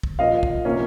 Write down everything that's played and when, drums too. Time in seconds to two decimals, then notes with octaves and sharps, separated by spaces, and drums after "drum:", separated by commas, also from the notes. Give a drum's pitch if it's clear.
0.03 drum: kick
0.19 A#2 F3 A#3 D#5 F5
0.43 drum: kick
0.65 C3 F3 A#3 C#4